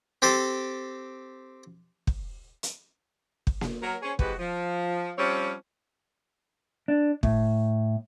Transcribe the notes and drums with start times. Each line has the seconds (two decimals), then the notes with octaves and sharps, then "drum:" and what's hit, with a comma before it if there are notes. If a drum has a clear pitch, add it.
0.22 C4 G4 A4 C5
2.07 drum: kick
2.63 drum: hi-hat
3.47 drum: kick
3.61 drum: snare A#3
3.82 F#3 A#4
4.03 C#4 G#4 C5 C#5
4.19 C3 E3 G#3 F#4 G4 B4, drum: kick
4.38 F3
5.17 F3 G3 C4 C#4 C#5
6.88 D4
7.23 A2, drum: kick